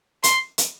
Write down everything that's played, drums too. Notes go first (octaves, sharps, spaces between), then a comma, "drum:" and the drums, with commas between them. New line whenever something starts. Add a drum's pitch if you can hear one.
C6, drum: hi-hat
drum: hi-hat